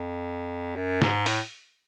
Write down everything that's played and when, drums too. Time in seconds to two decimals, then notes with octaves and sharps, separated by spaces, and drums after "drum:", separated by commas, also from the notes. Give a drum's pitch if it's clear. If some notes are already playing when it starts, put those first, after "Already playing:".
Already playing: F2
0.76 F#2
1.02 G#2, drum: snare
1.26 A2, drum: open hi-hat